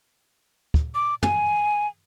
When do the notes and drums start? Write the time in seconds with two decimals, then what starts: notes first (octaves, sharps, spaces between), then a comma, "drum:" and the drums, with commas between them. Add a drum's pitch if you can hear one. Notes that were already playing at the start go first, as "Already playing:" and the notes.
0.74 drum: kick
0.95 D6
1.23 G#5, drum: tom